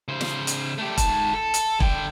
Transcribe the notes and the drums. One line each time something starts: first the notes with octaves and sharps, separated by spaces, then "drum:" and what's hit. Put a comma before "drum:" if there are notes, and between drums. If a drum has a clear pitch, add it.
C#3 C5
drum: snare
drum: hi-hat
A3 G4
G#2 A5, drum: kick E1, hi-hat
A4
drum: hi-hat
D3 G5, drum: kick E1